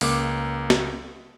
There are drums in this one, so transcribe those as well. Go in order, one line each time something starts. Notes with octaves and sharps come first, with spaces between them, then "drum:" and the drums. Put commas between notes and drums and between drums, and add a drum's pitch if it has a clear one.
C#2 A#3 D6, drum: open hi-hat
drum: snare